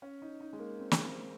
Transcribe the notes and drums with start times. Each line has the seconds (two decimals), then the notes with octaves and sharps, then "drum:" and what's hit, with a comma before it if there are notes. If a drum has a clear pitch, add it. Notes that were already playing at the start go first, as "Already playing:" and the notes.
0.02 C#4
0.22 D#4
0.40 D#4
0.53 G#3
0.59 A#3
0.79 C4
0.91 A#3, drum: snare
1.03 C4